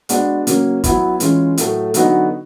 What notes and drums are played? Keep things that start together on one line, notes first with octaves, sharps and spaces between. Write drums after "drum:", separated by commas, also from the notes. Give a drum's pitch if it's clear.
G#3 B3 D4 F#4, drum: hi-hat
C#3 F#3 A#3 C#4, drum: hi-hat
F#3 B3 E4, drum: kick, hi-hat
E3 G#3 C#4 F4, drum: hi-hat
A2 F#3 A3, drum: hi-hat
D3 F#3 B3 D#4 F#4, drum: hi-hat